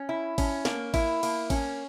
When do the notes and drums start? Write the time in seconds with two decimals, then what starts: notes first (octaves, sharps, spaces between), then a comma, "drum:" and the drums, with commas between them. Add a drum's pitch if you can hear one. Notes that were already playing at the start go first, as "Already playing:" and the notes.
Already playing: C#4
0.09 E4
0.38 C#4, drum: kick G#1, cymbal
0.65 A#3, drum: snare
0.94 E4, drum: kick G#1, cymbal
1.23 A#3, drum: cymbal
1.50 C#4, drum: kick G#1, cymbal